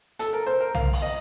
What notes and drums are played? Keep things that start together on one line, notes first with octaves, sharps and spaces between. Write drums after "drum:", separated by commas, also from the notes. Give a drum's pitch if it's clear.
A4, drum: hi-hat
A#4
C5
A#4
F5, drum: tom B1
drum: open hi-hat
D#5